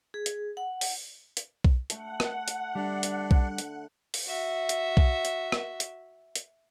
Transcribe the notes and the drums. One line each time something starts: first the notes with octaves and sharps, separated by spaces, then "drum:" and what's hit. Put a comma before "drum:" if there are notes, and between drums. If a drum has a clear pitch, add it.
G#4
drum: hi-hat
F#5
drum: open hi-hat
drum: hi-hat
drum: kick B1
A3 A4 F#5, drum: hi-hat
drum: rim click
drum: hi-hat
D3 G3 D4
drum: hi-hat
drum: kick B1
drum: hi-hat
drum: open hi-hat
F#4 E5
drum: hi-hat
drum: kick B1
drum: hi-hat
drum: rim click
drum: hi-hat
drum: hi-hat